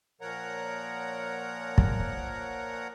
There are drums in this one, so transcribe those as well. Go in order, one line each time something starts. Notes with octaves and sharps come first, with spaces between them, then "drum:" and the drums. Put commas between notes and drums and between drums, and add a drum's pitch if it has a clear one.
A#2 F3 A#4 C#5 F#5 A#5
drum: kick